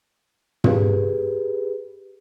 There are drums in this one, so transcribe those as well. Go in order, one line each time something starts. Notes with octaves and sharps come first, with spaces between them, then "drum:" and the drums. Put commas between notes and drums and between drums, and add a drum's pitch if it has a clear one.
G4 G#4 B4, drum: tom